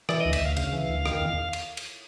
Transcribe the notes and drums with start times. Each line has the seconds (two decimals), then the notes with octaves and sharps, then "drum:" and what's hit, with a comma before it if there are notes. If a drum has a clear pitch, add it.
0.09 E3 D5, drum: rim click
0.20 D2 D#5
0.33 E5, drum: cymbal
0.41 D2 F5
0.56 C#3 F5, drum: cymbal
0.73 E3
0.89 D2
1.06 D#3, drum: rim click
1.21 E2
1.53 drum: cymbal
1.77 drum: cymbal